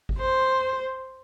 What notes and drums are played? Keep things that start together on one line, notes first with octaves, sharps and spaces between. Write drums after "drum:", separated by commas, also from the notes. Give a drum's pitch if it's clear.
drum: kick G1
C5